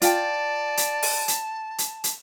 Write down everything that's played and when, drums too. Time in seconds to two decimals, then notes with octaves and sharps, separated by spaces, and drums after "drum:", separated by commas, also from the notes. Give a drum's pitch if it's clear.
0.02 F4 D5 G5 A5, drum: hi-hat
0.77 drum: hi-hat
1.03 drum: open hi-hat
1.28 drum: hi-hat
1.78 drum: hi-hat
2.04 drum: hi-hat